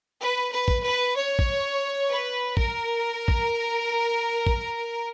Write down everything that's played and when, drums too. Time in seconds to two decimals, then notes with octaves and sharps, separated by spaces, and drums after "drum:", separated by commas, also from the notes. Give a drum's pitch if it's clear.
0.20 B4
0.52 B4
0.68 drum: kick
0.84 B4
1.16 C#5
1.39 drum: kick
2.10 B4
2.57 A#4, drum: kick
3.28 drum: kick
4.47 drum: kick